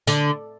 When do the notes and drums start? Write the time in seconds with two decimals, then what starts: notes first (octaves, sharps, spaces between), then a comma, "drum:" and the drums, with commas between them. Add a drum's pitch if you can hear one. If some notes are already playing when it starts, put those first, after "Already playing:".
0.07 D3, drum: tambourine